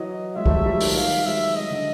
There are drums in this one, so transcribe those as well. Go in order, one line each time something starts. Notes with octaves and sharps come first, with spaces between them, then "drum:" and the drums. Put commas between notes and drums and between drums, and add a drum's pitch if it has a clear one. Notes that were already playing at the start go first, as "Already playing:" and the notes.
Already playing: E3 F#3 D#5
F#3 G#3 E5
G3 A3, drum: kick B1
F#3 G#3
F3 G3
D#3 F3, drum: open hi-hat
F5
G3
F#3 G#3 E5
F#3 G#3 D#5
D3 E3